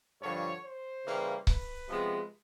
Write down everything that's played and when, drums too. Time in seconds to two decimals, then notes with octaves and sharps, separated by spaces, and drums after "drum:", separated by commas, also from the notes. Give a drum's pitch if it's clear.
0.21 G2 D3 F3 C#5
0.63 C5
1.05 C#3 E3 G3 A#3
1.47 B4, drum: kick C#1
1.88 C3 F3 G#3 B3